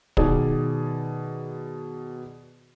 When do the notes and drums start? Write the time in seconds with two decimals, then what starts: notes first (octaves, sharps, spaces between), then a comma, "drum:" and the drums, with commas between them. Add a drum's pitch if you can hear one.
0.17 B2 D#3 G#4 D5, drum: kick